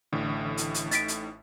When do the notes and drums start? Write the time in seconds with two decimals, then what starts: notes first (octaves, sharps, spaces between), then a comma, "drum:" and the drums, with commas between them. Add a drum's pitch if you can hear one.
0.13 A1 A2 D3 E3 D4
0.57 drum: hi-hat
0.74 drum: hi-hat
0.91 D#4 A6 B6 D7, drum: hi-hat
1.08 drum: hi-hat